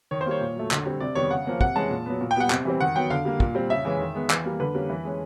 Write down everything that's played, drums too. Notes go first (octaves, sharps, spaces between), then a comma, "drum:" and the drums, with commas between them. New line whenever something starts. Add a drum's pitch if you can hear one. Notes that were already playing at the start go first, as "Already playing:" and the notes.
D#3 C#5
C5
G3 A#3 C#5
A#2
F#3 A3
D3, drum: clap
G3 C4
C3 D5
D#3 G3 B3 C#5
C#3 F#5
F3 A#3 C#4
C3 F#5, drum: kick
E3 G#3 C#4 A5
A#2
F#3 B3
A#2
G5
G3 B3 F#5
C3, drum: clap
E3 G3 C4
D#3 F#5
F#3 B3 G5
D3 F5
G3 A#3
A#2, drum: kick
G3 C4
C#3 E5
E3 G#3 C#4
D#3
G#3 B3
E3, drum: clap
G3 A#3
D3 B4
G3 A#3 C#4
E3
G#3 C#4